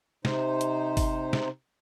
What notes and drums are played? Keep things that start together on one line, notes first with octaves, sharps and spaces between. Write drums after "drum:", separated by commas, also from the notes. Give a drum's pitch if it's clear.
C3 D#4 C5, drum: snare
drum: hi-hat
drum: kick, open hi-hat
drum: snare